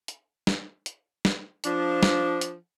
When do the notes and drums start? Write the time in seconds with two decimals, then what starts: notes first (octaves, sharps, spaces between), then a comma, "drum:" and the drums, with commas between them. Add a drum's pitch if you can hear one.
0.08 drum: hi-hat
0.47 drum: snare
0.86 drum: hi-hat
1.25 drum: snare
1.64 F3 D4, drum: hi-hat
2.03 drum: snare
2.41 drum: hi-hat